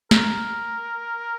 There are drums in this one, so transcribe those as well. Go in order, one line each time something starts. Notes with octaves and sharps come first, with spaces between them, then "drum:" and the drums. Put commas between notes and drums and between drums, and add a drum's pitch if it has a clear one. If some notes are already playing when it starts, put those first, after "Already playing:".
A#4, drum: snare